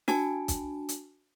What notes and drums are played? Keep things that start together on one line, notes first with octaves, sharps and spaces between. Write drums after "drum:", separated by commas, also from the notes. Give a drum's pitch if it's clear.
D4 F#4 G#5 A5, drum: snare
drum: kick, hi-hat
drum: hi-hat